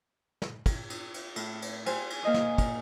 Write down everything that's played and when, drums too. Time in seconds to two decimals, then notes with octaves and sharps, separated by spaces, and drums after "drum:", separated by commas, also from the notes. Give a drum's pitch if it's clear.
0.42 drum: snare
0.66 drum: kick, cymbal
0.90 drum: cymbal
1.14 drum: cymbal
1.36 A2, drum: cymbal
1.62 drum: cymbal
1.86 G4 C5 G#5, drum: cymbal
2.10 drum: cymbal
2.23 A#3 C5 D#5 F5 G#5 D#6
2.34 drum: snare
2.58 drum: kick, cymbal